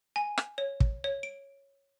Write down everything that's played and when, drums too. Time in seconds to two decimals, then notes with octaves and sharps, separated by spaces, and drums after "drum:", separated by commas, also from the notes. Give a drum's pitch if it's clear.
0.16 G#5
0.38 drum: rim click
0.58 C#5
0.80 drum: kick
1.04 C#5
1.23 D7